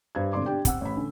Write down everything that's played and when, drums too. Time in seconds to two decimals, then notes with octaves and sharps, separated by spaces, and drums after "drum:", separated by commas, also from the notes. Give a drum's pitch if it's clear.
0.15 G2 C5 G#6
0.33 G#1 B2 D3 D5 C6 D6
0.46 D4 G4 G5
0.65 C4 F#5 E6, drum: kick, hi-hat
0.81 A1 B5
0.97 D3 C#4